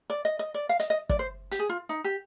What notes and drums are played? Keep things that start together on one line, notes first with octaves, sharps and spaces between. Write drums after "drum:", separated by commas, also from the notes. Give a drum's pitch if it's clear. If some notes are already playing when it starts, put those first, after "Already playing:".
D5
D#5
D#5
D5
F5
D#5, drum: hi-hat
D#5
D5, drum: kick
C5
G4, drum: hi-hat
G#4
F4
D#4
G4